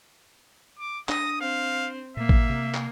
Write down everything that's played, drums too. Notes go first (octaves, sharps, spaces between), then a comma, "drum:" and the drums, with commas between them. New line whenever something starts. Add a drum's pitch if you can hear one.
D6
D4 D#6 A#6, drum: clap
C4 F5
A#2 A#3 E5
drum: kick A1
C3
drum: clap